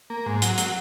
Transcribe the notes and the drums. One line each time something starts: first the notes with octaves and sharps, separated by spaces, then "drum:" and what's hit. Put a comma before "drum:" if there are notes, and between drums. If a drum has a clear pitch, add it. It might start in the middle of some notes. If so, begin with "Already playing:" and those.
A#3
G#2
F#3, drum: hi-hat
drum: hi-hat